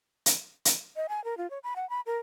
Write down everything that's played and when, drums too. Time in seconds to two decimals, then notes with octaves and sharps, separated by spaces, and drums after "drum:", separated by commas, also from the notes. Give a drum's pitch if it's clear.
0.26 drum: hi-hat
0.65 drum: hi-hat
0.96 D#5
1.09 G#5
1.24 A#4
1.38 F4
1.50 C#5
1.64 B5
1.76 F#5
1.90 B5
2.06 A#4